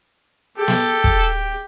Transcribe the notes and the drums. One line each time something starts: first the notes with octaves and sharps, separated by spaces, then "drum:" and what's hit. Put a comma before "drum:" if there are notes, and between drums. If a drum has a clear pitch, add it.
G4 A4
drum: snare
drum: kick